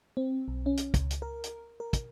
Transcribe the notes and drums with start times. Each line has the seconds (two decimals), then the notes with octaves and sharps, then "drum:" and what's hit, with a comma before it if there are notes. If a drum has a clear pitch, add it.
0.17 C4
0.48 B1
0.66 C#4
0.77 drum: hi-hat
0.94 C#2, drum: kick, hi-hat
1.10 drum: hi-hat
1.22 A#4
1.44 drum: hi-hat
1.80 A#4
1.93 drum: kick, hi-hat